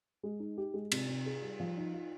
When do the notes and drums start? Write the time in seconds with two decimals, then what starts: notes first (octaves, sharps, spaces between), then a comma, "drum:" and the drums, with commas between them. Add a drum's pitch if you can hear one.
0.23 G#3
0.40 D#4
0.58 G4
0.74 G#3
0.92 C3, drum: cymbal
1.09 C3
1.26 G#4
1.42 G3
1.60 F3
1.77 D#4
1.94 F4